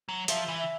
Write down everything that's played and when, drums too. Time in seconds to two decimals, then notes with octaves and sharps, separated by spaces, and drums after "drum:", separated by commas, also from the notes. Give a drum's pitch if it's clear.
0.09 F#3
0.28 F3 E5, drum: hi-hat
0.48 E3
0.59 E5